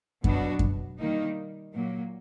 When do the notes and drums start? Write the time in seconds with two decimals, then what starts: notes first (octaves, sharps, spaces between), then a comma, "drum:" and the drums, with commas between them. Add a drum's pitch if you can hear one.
0.24 B2 F#3 B3 D4 F#4, drum: kick F#2
0.59 drum: kick F#2
0.98 D#3 G3 A#3 D#4
1.73 A#2 F#3 A#3